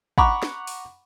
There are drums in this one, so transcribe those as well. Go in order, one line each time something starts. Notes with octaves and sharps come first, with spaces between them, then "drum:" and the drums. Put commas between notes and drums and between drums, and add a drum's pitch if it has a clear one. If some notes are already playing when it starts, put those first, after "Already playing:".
F#5 A#5 B5 C#6 D6, drum: kick
drum: snare
drum: open hi-hat